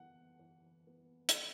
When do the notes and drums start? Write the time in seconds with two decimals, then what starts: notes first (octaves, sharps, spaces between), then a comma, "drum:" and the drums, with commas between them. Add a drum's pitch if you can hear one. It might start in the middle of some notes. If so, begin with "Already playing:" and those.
Already playing: E3 B3 F#5
0.39 E3
0.87 B3
1.29 drum: hi-hat